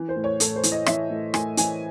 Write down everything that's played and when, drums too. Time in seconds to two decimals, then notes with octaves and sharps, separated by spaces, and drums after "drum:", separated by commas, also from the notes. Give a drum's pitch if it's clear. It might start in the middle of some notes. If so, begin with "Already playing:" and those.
Already playing: E3
0.09 C5
0.16 A2
0.24 C#5
0.40 A2 A4, drum: hi-hat
0.56 C5
0.63 E3, drum: hi-hat
0.72 D#5
0.86 E3 E5, drum: rim click
1.10 A2
1.34 A2 G#5, drum: rim click
1.57 E3 G#5, drum: hi-hat